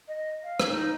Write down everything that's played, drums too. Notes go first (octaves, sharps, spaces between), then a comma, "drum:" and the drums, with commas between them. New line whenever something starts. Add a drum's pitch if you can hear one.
D#5
F5
drum: rim click
D#4